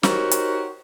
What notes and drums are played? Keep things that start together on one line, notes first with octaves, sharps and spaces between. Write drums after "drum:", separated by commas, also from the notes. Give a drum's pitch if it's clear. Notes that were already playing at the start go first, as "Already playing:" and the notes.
D#4 F#4 G4 A#4 C5 C#5, drum: snare
drum: hi-hat